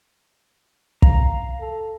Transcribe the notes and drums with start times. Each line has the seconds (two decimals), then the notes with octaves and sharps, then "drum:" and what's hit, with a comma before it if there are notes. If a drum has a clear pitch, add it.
1.02 F5 A#5, drum: kick
1.60 A4